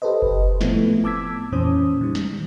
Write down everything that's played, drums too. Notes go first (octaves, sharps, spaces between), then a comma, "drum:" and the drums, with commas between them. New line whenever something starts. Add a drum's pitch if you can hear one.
G4 A4 B4 C5 D#5
drum: kick F#1
A2 F3 A3 B3 C4 E4, drum: snare
A5 D6 E6 G#6 B6
F2 A#2 E3 C#4 C5 D#6
D#3 G3
drum: snare